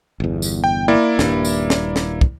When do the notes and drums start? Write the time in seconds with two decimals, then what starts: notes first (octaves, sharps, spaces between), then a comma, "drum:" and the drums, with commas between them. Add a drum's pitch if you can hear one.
0.20 G1 E2
0.42 drum: tambourine
0.64 G5
0.88 A#3 E4 D5
1.19 D#1 G2, drum: snare
1.45 drum: tambourine
1.70 drum: snare
1.96 drum: snare
2.21 drum: kick